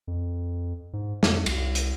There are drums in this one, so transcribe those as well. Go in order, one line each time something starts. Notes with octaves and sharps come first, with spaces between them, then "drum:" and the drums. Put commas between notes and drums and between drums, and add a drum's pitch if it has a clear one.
F2
G#2
F2, drum: snare
C2, drum: cymbal
drum: hi-hat